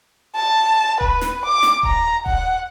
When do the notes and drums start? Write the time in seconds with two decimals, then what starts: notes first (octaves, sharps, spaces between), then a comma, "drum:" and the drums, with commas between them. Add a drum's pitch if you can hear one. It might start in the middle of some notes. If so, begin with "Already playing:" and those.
0.36 A5
1.01 B4, drum: kick D#1
1.21 drum: snare
1.45 D6
1.63 drum: snare
1.83 A#5, drum: kick D#1
2.26 F#5, drum: kick D#1